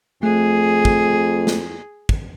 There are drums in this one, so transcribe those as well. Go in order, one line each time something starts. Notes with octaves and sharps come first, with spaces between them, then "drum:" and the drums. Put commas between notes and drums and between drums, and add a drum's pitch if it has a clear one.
F2 A3 G#4
drum: kick
drum: snare
drum: kick